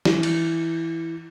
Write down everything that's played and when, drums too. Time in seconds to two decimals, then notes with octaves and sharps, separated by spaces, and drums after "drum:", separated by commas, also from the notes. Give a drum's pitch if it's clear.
0.05 E3, drum: snare
0.23 drum: cymbal